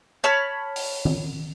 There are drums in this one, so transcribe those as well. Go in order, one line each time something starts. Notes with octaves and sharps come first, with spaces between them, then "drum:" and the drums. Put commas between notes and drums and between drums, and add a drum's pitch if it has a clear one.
C#5 A5 B5 F6
drum: open hi-hat
drum: tom D#3